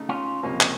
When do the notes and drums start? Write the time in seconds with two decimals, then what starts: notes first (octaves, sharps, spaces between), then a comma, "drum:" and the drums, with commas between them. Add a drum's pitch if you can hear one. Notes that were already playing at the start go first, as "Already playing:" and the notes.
Already playing: C#3 A3 D#4
0.09 C#4 F4
0.43 C#2 C3 F3 A#3 C#4
0.61 drum: clap